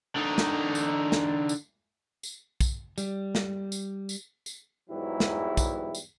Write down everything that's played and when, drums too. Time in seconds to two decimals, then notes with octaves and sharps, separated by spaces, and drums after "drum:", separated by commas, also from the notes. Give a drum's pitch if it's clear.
0.16 D3 D#4
0.38 drum: snare
0.75 drum: tambourine
1.12 drum: snare
1.49 drum: tambourine
2.23 drum: tambourine
2.61 drum: kick, tambourine
2.98 G3, drum: tambourine
3.35 drum: snare
3.72 drum: tambourine
4.09 drum: tambourine
4.46 drum: tambourine
4.90 E2 G#2 E3 F#3 G3 E4
5.20 drum: snare
5.57 drum: kick, tambourine
5.95 drum: tambourine